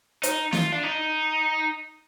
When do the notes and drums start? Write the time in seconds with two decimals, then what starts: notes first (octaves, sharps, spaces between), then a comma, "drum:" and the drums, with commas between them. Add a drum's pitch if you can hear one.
0.23 D#4, drum: hi-hat
0.53 F4, drum: snare
0.72 D4
0.83 D#4